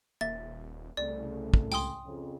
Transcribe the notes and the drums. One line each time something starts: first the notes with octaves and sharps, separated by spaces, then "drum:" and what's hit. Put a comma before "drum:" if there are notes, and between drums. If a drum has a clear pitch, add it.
D#1 A#3 E5 A6
C2 C#3 A3 D5
drum: kick
C#2 G5 G#5 C6 D#6, drum: tambourine
F2 C#3